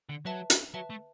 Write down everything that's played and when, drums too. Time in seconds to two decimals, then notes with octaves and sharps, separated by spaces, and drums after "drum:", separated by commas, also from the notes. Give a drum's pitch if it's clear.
0.09 D3
0.25 F#3 B4 E5 A5
0.50 drum: hi-hat
0.74 F#3 B4 E5 A5
0.90 A3